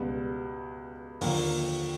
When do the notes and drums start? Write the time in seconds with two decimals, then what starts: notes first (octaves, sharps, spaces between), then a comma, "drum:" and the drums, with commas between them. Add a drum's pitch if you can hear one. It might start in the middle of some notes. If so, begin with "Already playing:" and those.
Already playing: C#2 B2 G3 B3
1.21 D#2 D3 F3 A#3, drum: open hi-hat